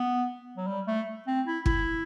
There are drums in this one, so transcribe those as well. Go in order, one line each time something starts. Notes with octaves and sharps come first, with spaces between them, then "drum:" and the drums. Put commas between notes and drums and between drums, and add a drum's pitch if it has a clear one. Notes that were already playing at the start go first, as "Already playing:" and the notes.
Already playing: B3
F#3
G3
A3
C4
E4
E4, drum: kick